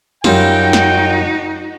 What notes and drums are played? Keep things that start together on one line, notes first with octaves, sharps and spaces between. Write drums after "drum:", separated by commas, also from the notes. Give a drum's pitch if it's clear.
F#2 G3 D#4 F4 F#4 G5, drum: snare
drum: snare